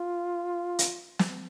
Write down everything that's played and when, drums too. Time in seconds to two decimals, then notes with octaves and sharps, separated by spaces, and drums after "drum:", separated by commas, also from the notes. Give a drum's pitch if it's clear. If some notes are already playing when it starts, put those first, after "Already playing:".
Already playing: F4
0.79 drum: hi-hat
1.19 drum: snare